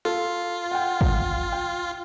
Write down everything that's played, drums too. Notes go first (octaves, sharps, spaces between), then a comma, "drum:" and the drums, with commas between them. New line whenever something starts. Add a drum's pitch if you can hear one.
F4 A4
F#5 G5
drum: kick
G5